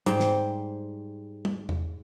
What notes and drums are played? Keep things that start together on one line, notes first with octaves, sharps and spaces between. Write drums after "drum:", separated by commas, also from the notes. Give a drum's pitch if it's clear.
G#2 G3 C5 G5, drum: hi-hat
drum: snare
drum: tom
drum: tom E2